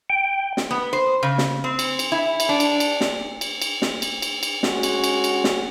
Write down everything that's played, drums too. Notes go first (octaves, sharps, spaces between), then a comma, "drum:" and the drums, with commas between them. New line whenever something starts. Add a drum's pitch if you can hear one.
G5
drum: snare
B3
C5
C#3
drum: snare
C4
drum: cymbal
drum: cymbal
E4
drum: cymbal
D4
drum: cymbal
drum: cymbal
drum: snare
drum: cymbal
drum: cymbal
drum: snare
drum: cymbal
drum: cymbal
drum: cymbal
G#3 C#4 F#4, drum: snare
drum: cymbal
drum: cymbal
drum: cymbal
drum: snare